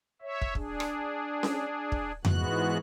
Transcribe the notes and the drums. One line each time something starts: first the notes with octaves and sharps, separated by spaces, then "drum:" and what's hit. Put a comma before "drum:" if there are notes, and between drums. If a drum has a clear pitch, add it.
C#5 E5
drum: kick
D4 G#4, drum: kick
drum: rim click
drum: snare C#4
drum: kick
G#2 E3 G#3 B3 F#4 F#6, drum: tom F2